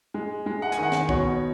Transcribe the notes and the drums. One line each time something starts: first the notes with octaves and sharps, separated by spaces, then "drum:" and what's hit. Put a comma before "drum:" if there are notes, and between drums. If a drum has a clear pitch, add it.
G#3
G#3
F#5
D#3 G#5, drum: hi-hat
F#5
drum: snare
B2 C#5, drum: kick